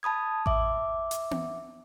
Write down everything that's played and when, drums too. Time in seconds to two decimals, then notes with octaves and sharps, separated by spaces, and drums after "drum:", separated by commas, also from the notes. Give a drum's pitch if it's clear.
0.03 A5 B5 D#6 G#6
0.46 E5 D6, drum: kick A1
1.11 drum: hi-hat
1.31 drum: tom B3